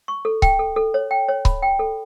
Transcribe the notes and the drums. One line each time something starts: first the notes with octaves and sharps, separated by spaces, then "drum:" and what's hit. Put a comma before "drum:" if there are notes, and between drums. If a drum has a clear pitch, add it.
C#6
A4
G5, drum: kick C#1
A4
A4
C#5
G5
C#5
B5, drum: kick C#1
G5
A4